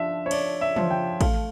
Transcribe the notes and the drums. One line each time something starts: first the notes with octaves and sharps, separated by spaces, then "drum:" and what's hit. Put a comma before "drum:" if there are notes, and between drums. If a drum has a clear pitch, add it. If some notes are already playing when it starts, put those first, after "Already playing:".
Already playing: F3 D4 E5
C#5
D4 D5, drum: cymbal
E5
F3, drum: tom
G5
A3 F5, drum: kick A1, cymbal